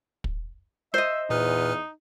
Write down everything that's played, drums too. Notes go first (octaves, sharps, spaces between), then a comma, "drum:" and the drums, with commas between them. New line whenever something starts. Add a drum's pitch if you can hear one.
drum: kick
C5 D#5 E5
E2 A#2 D#4 B4 F6